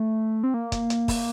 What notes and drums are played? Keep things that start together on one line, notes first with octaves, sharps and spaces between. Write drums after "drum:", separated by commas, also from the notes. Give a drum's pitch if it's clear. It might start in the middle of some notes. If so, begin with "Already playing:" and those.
Already playing: A3
C4
A#3
drum: kick, hi-hat
drum: hi-hat
drum: kick, open hi-hat